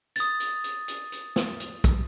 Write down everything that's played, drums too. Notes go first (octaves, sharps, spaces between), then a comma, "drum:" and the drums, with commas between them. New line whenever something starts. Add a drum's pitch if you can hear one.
D#6 A6, drum: hi-hat
drum: hi-hat
drum: hi-hat
drum: hi-hat
drum: hi-hat
drum: snare
drum: hi-hat
drum: kick, hi-hat